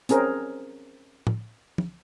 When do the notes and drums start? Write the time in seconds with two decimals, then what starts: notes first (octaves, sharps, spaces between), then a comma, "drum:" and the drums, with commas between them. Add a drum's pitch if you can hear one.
0.09 C4 C#4 G#4 A#4 C5, drum: hi-hat
1.27 drum: tom A2
1.78 drum: tom